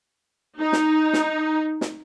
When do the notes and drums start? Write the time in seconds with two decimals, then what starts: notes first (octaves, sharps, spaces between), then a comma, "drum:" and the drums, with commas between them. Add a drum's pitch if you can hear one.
0.59 D#4
0.73 drum: snare
1.13 drum: snare
1.81 drum: snare